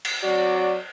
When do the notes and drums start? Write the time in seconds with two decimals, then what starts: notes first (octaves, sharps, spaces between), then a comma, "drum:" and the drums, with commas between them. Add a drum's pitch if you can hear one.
0.05 drum: cymbal
0.24 F#3 C4 F#4 D5